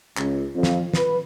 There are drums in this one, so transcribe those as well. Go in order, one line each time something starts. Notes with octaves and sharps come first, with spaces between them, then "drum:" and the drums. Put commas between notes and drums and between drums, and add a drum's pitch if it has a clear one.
C#2, drum: clap
F2
drum: snare
B4, drum: snare